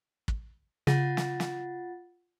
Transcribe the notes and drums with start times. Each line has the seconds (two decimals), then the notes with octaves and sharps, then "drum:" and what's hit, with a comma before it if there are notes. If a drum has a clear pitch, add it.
0.28 drum: kick
0.87 C#3 F4 F#5 A6, drum: snare
1.17 drum: snare
1.40 drum: snare